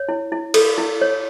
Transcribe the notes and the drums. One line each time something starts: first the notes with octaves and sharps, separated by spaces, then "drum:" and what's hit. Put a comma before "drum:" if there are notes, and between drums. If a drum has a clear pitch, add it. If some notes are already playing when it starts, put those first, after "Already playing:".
Already playing: C#5
E4
E4
A4, drum: cymbal
E4
C#5